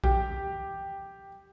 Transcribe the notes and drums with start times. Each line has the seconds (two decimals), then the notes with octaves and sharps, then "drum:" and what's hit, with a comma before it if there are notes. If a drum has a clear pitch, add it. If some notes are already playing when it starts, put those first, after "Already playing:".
0.04 G4, drum: kick A#1